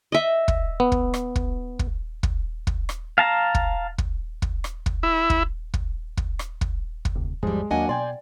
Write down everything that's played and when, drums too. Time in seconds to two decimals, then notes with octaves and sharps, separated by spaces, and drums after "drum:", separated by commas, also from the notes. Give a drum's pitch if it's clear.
0.12 D#5 E5
0.48 drum: kick
0.80 B3
0.92 drum: kick
1.14 drum: rim click
1.36 drum: kick
1.79 drum: kick
2.23 drum: kick
2.67 drum: kick
2.89 drum: rim click
3.18 F5 A5 A#5
3.55 drum: kick
3.98 drum: kick
4.42 drum: kick
4.64 drum: rim click
4.86 drum: kick
5.03 E4
5.30 drum: kick
5.74 drum: kick
6.17 drum: kick
6.39 drum: rim click
6.61 drum: kick
7.05 drum: kick
7.15 D1 D2 C3
7.43 G#1 E2 G#2 F3 G3 G#3
7.71 D#2 F#3 A#3 D4 D#5 F#5 G#5
7.89 B2 D5 G5 G#5 C6